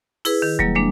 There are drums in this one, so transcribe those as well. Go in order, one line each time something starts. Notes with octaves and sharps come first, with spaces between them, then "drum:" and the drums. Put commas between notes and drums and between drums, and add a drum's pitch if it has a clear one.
E4 G#4 B4, drum: open hi-hat
D#3
F#3 G3 A#3, drum: kick E1
G#3 A#3 D4